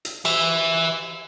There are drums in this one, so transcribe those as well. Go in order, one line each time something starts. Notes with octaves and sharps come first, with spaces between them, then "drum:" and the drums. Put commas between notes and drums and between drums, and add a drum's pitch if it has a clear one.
drum: hi-hat
E3 E5, drum: cymbal